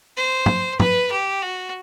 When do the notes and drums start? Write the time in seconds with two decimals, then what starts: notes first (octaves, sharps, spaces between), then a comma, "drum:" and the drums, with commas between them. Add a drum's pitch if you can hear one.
0.17 C5
0.46 drum: tom
0.80 B4, drum: tom
1.12 G4
1.42 F#4